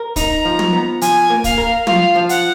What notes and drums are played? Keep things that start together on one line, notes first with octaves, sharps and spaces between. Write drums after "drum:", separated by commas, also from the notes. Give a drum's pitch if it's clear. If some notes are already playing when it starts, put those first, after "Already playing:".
Already playing: A#4
D#4 A#5, drum: kick, hi-hat
F3
drum: tom
B3
F3 G#5, drum: hi-hat
A#3
F5, drum: kick, hi-hat
A#4
F4 F5, drum: tom
F3
F#5, drum: hi-hat